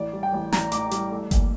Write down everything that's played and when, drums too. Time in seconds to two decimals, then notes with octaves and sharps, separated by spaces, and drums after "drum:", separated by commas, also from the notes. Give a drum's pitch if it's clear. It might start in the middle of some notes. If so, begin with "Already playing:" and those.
Already playing: A1 D5
0.13 G3
0.23 G5
0.33 A1
0.52 A1 A#5, drum: snare
0.72 A2 D6, drum: hi-hat
0.91 G3, drum: hi-hat
1.11 A3
1.31 A#1, drum: kick G1, hi-hat